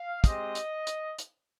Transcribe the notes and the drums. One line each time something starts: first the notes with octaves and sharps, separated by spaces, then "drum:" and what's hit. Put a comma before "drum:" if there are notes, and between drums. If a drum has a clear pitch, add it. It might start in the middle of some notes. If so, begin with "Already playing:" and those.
Already playing: F5
G#3 C4 G4 D#5, drum: kick, hi-hat
drum: hi-hat
drum: hi-hat
drum: hi-hat